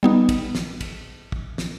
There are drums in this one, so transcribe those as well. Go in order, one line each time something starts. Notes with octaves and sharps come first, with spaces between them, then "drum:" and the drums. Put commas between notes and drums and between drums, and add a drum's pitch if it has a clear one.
G3 B3 D#4
drum: kick, cymbal
drum: snare
drum: kick, cymbal
drum: kick
drum: snare